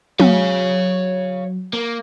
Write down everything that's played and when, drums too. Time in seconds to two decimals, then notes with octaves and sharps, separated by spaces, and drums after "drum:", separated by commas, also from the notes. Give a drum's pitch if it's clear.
0.20 F#3 C#5 F5, drum: tom
1.74 A#3